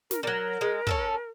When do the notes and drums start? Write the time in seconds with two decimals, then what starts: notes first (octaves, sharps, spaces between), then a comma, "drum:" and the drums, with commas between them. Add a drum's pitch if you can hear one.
0.11 A#4, drum: snare
0.23 F#3 G3 A#4
0.61 G#3
0.87 C#4 E4 A4, drum: kick